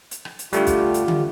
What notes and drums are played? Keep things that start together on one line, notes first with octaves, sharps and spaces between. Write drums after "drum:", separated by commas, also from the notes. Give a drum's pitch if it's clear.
drum: hi-hat
drum: rim click
drum: hi-hat
D3 G3 A3 D4 F4 G4, drum: hi-hat
drum: kick, hi-hat
drum: hi-hat
drum: tom D3